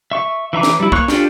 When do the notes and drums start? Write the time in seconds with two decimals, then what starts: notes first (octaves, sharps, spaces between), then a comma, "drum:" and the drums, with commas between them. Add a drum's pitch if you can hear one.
0.11 E5 C#6
0.53 E3 E5 A#5 D6
0.63 drum: snare
0.80 G3 E4
0.92 A#3 C#5 C#6 F#6, drum: kick
1.08 D4 F4 G4 A4, drum: snare